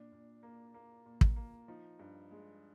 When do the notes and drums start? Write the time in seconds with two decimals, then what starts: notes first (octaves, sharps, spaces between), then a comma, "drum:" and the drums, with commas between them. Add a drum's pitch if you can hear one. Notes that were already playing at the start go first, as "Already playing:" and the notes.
Already playing: A#2 D4
0.12 A#2
0.43 A#3
0.74 A#3
1.06 A#2
1.21 drum: kick
1.36 A#3
1.68 F3 D#4
1.99 G2
2.31 G#3